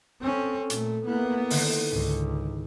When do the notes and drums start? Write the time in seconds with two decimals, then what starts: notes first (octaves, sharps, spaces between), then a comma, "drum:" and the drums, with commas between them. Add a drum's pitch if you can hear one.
0.21 C4 C#4 A4
0.70 A#2 A3, drum: hi-hat
1.07 A#3 B3 E4
1.50 D3 D#3, drum: open hi-hat
1.92 C#2 G#2